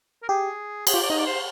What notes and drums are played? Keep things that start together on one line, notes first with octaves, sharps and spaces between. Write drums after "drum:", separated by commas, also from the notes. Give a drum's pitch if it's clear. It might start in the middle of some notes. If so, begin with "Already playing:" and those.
A#4
G4 G#4
G#4, drum: cymbal
F4 G4
D5
D#4 D#5
D5
C5